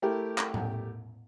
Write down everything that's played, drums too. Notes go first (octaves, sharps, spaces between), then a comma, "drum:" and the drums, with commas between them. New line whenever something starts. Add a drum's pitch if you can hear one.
A3 E4 G4 A#4
drum: clap
drum: tom A2